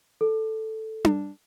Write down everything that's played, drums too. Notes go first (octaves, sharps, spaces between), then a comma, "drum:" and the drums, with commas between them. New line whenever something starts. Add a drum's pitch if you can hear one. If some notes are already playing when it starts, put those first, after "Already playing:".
A4
drum: tom D4